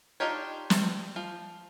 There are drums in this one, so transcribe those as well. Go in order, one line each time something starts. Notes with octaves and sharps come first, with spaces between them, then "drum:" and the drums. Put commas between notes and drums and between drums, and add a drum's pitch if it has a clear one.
D4 D#4 F4 G4 C#5
drum: snare
F3